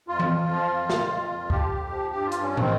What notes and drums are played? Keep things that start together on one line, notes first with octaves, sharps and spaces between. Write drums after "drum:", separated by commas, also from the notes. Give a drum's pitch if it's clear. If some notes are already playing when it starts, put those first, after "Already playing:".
F2 F4
drum: tom E3
F3
F3
F2
F2, drum: snare
F2
F2
F3 G4, drum: kick
F2
F3
G2 G4
F4
G2, drum: hi-hat
C#4
D#3
C4, drum: tom